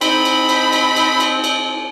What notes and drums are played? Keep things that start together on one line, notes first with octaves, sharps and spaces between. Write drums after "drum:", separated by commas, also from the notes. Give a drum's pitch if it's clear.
C4 D#4 B5, drum: cymbal
drum: cymbal
drum: cymbal
drum: cymbal
drum: cymbal
drum: cymbal
drum: cymbal